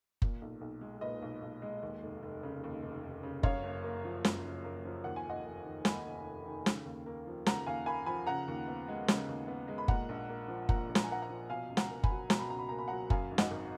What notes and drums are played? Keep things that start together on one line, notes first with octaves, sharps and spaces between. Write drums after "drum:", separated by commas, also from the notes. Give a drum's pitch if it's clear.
A#2, drum: kick F#1
B1
B1
G#3
A#2 B4 D#5
B1
B1
G#3
D#2
F1
F1
C#3
D#2
F1
F1
C#3
F#2 C#5 F5, drum: kick F#1
F#1
A#3
F3
F#2, drum: snare
F#1
A#3
F3
D#2 F#5
G#5
F1 D#5 F#5
F1
D#3
D#2 G#5 B5, drum: snare
F1
F1
D#3
C#3, drum: snare
D#2
A#3
F3
C#3 F#5 A#5, drum: snare
D#2 F5 G#5
A#3 G#5 B5
F3 G#5 B5
C#3 F#5 A#5
D#2
B3
G#3
C#3, drum: snare
D#2
B3
G#3
B5
A#2 F#5 A#5, drum: kick F#1
A#1
A#3
F3
A#2 F#5 A#5, drum: kick F#1
A#1
A#5, drum: snare
G#5
A#3 F#5 A#5
F#5 A#5
F3
B2 F5 G#5
C#2
F#5 A#5, drum: snare
A#3
G#5 B5, drum: kick F#1
F#3
B2 A#5, drum: snare
B5
C#2 A#5
B5
A#3 A#5
B5
F#5 A#5
F#3
F#2 F5 G#5, drum: kick F#1
G#1
D#5 F#5, drum: snare
G#1